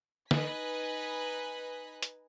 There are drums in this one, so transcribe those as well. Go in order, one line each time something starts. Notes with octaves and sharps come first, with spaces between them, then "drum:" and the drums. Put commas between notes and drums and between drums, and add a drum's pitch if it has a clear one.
D#4 B4 D#5 G#5 F#6 B6, drum: snare
drum: hi-hat